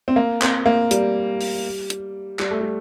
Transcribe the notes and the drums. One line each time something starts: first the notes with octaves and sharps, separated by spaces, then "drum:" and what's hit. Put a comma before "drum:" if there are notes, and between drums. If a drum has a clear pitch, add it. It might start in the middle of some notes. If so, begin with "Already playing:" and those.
C4
A#3
C4, drum: clap
A#3
G3, drum: hi-hat
drum: open hi-hat
drum: hi-hat
G3, drum: clap
A3
G3